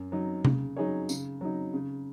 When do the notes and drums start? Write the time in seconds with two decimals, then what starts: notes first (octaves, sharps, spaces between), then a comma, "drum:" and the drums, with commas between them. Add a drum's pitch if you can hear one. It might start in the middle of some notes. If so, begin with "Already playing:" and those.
Already playing: F#2
0.12 F#3 D#4
0.45 C#3, drum: tom C3
0.77 F#3 D#4 G#4 C#5
1.09 C#3, drum: tambourine
1.41 F#3 D#4
1.73 C#3